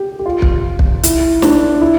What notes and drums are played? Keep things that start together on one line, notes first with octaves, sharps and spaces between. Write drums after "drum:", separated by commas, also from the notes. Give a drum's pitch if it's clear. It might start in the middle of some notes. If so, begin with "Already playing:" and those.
Already playing: G4
G4
F4
drum: kick
drum: kick
E4, drum: hi-hat
D4, drum: snare
E4